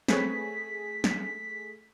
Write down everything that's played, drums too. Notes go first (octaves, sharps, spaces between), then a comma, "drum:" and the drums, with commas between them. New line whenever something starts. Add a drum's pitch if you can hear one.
A3 C4 G#4 B4 C#5 B6, drum: snare
drum: snare